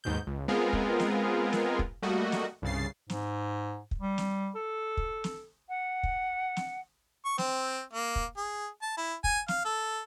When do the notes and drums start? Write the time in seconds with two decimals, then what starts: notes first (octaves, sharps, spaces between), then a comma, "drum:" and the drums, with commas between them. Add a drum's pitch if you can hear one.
0.04 D#2 G#2 B2 G6
0.27 C#2
0.48 G#3 B3 C4 F4 G#4 A#4
0.73 drum: kick
1.00 drum: snare
1.53 drum: snare
1.79 drum: kick
2.02 G3 A3 A#3 F#4 D#5
2.32 drum: snare
2.62 C2 G2 C#3 A6 C7
3.10 G#2, drum: snare
3.91 drum: kick
4.01 G3
4.18 drum: snare
4.55 A4
4.97 drum: kick
5.24 drum: snare
5.69 F#5
6.03 drum: kick
6.56 drum: snare
7.25 C#6
7.38 C4, drum: snare
7.93 A#3
8.16 drum: kick
8.37 G#4
8.82 A5
8.97 E4
9.24 G#5, drum: kick
9.48 F5, drum: snare
9.65 A4